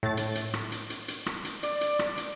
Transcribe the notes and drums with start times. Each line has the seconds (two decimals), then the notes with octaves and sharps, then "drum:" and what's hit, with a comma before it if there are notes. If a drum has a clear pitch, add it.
0.03 A2 A6
0.17 drum: hi-hat
0.35 drum: hi-hat
0.54 drum: rim click
0.72 drum: hi-hat
0.90 drum: hi-hat
1.08 drum: hi-hat
1.26 drum: rim click
1.45 drum: hi-hat
1.63 D5, drum: hi-hat
1.81 drum: hi-hat
1.99 drum: rim click
2.17 drum: hi-hat